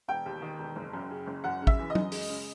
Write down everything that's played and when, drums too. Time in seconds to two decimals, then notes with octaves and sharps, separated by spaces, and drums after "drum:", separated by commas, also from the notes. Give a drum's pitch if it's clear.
0.08 E1 G5
0.26 D#2
0.42 D#3
0.59 E1
0.76 F#1
0.93 F#2
1.11 C#3
1.27 F#1
1.44 F#2 F#5
1.62 C#3
1.67 E5, drum: kick
1.78 E3
1.90 D#5
1.95 F#2, drum: tom
2.12 G#3, drum: open hi-hat
2.30 C#3